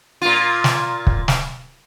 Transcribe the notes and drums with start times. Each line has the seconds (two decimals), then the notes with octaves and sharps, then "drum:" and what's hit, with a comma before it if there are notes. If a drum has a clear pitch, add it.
0.22 A#2 F4
0.64 drum: snare
1.07 drum: kick
1.28 drum: snare